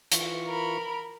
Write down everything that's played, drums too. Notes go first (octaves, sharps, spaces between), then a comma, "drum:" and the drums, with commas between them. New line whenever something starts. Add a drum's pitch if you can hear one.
E3 F4 C#6, drum: hi-hat
A#4 B5